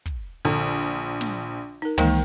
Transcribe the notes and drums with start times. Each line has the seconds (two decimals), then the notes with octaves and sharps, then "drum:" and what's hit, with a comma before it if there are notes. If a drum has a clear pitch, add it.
0.06 drum: kick, hi-hat
0.45 A#1 D3, drum: hi-hat
0.82 drum: hi-hat
1.21 drum: snare
1.82 D#4 A#4
1.98 D#3 E3 G#3 A#3, drum: tom